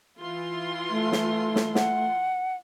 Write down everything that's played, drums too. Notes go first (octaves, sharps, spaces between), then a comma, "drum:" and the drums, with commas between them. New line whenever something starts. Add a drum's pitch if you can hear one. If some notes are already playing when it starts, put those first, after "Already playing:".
E3 F4 C6
A3
drum: snare
drum: snare
F#5, drum: snare